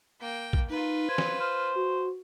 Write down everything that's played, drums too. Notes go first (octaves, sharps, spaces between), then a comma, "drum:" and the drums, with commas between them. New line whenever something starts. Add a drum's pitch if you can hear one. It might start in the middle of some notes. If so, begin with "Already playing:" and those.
A#3 G5
drum: kick
D#4 F4 B4
C5 G#6
drum: snare
C5 F6
F#4